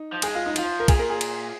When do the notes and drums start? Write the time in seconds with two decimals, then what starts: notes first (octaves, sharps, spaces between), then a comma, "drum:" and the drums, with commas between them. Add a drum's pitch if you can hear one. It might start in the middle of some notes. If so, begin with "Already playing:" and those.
Already playing: D#4
0.12 F3
0.22 G#3 G#4, drum: cymbal
0.35 F4
0.46 D#4
0.56 F3 F4, drum: cymbal
0.80 A#4
0.88 A#2 G#4, drum: kick, cymbal
0.99 A#4
1.10 G#4
1.21 drum: cymbal